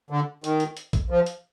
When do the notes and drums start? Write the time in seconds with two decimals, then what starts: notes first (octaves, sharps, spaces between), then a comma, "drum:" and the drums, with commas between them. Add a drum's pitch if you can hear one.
0.10 D3
0.44 D#3, drum: hi-hat
0.60 drum: hi-hat
0.77 drum: hi-hat
0.93 drum: kick B1, hi-hat
1.10 F3
1.26 drum: hi-hat